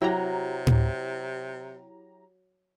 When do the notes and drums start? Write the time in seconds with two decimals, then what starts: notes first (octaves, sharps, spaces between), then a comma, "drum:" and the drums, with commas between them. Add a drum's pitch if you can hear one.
0.02 C3 F#3 E4 G4 A#5
0.67 drum: tom A2